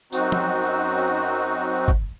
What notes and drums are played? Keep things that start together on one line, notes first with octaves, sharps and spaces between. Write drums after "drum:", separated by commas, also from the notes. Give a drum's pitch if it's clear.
F#2 C4 D#4 F#4, drum: tambourine
drum: tom F3
drum: kick